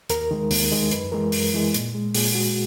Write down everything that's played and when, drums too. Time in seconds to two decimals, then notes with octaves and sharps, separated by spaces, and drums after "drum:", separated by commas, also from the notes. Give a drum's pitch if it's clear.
0.10 D#2 A#4, drum: hi-hat
0.31 D#3 G#3
0.51 D#2, drum: open hi-hat
0.72 D#3 G#3
0.91 F#2 B4, drum: hi-hat
1.12 E3 G#3 A#4
1.32 F#2, drum: open hi-hat
1.54 E3 G#3
1.74 A#2, drum: hi-hat
1.95 G#3
2.14 A#2 G#4, drum: open hi-hat
2.35 G#3 F#4